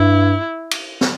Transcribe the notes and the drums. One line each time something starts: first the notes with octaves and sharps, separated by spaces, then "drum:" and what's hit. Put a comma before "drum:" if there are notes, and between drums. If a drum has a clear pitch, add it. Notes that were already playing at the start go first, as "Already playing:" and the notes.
Already playing: G2 E4
drum: cymbal
drum: snare